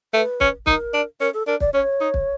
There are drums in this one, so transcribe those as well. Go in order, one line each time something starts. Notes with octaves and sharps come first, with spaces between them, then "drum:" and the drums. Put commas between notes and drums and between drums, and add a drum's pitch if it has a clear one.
A3 B4
C#4, drum: kick
D#4 A#4, drum: kick
D4
C#4 A#4
A4
D4 A#4
D5, drum: kick
C#4 C#5
D#4
drum: kick